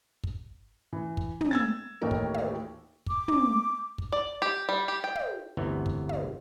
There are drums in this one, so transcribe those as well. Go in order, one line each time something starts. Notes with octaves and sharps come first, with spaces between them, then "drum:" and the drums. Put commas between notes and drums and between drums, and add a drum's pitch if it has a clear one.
drum: kick
E3
drum: kick
drum: tom
E6 G#6 A6
A1 D#2 A2 D#4 A#4
drum: kick
drum: tom
D6, drum: kick
drum: tom
drum: kick
D5
G4
G3
G4
G5
drum: tom
G1 D2 C3 E3 B3 C#5
drum: kick
drum: tom